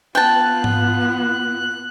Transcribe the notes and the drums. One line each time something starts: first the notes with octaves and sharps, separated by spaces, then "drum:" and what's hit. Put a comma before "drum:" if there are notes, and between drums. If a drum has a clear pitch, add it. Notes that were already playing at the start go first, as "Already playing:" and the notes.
B3 F4 G5 A5 F#6
drum: tom G#2